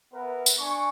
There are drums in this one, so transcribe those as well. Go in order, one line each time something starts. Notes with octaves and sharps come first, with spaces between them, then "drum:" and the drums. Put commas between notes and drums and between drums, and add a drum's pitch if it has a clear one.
B3 A#4 B4 E5 F#5
drum: tambourine
D4 G#5 C#6